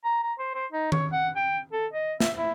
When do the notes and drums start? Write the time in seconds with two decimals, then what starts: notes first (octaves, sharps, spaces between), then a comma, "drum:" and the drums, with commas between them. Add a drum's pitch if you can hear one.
0.04 A#5
0.23 A#5
0.39 C5
0.55 C5
0.72 D#4
0.92 C#5, drum: tom D#3
1.13 F#5
1.36 G5
1.73 A4
1.93 D#5
2.20 E5, drum: snare
2.36 E4